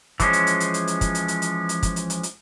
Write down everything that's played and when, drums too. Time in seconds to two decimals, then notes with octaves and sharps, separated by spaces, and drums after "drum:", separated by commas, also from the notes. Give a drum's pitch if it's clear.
0.20 E3 F3 G#3 C#4, drum: kick, hi-hat
0.33 drum: hi-hat
0.47 drum: hi-hat
0.60 drum: hi-hat
0.74 drum: hi-hat
0.88 drum: hi-hat
1.01 drum: kick, hi-hat
1.15 drum: hi-hat
1.28 drum: hi-hat
1.42 drum: hi-hat
1.69 drum: hi-hat
1.83 drum: kick, hi-hat
1.96 drum: hi-hat
2.10 drum: hi-hat
2.23 drum: hi-hat